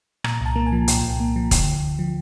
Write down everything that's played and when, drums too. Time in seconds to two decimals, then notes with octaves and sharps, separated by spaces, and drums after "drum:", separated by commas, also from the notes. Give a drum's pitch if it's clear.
0.24 A#2 A#5, drum: rim click
0.41 C2 A5
0.56 A#3
0.67 G#5
0.72 F3
0.88 A#2 G5, drum: hi-hat
1.04 C2
1.20 A#3
1.36 F3
1.51 D3, drum: kick E1, hi-hat
1.67 D2
1.83 D2
1.99 F3